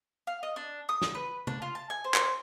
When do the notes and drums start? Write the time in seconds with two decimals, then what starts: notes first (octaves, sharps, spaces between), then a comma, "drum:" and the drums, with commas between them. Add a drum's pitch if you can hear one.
0.27 F5
0.43 D#5
0.56 D4
0.89 D#6
1.02 drum: snare
1.15 B4
1.47 D4, drum: tom
1.62 F4
1.75 A5
1.90 G#5
2.04 C5
2.14 drum: clap